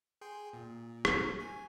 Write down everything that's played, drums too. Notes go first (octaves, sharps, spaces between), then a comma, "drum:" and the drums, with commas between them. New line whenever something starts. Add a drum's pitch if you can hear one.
G#4 G5 C6
A#2
drum: rim click
G#5